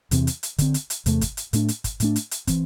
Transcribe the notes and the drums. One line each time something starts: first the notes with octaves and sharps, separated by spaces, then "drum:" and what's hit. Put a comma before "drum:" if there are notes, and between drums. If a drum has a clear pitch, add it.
E2 C3 E3 C4, drum: hi-hat
drum: hi-hat
drum: hi-hat
D3 C4, drum: kick, hi-hat
drum: hi-hat
drum: hi-hat
E2 C3 A3, drum: hi-hat
drum: kick, hi-hat
drum: hi-hat
A2 A3 D4, drum: hi-hat
drum: hi-hat
drum: kick, hi-hat
A2 A3 D4, drum: hi-hat
drum: hi-hat
drum: hi-hat
E3 C4, drum: kick, hi-hat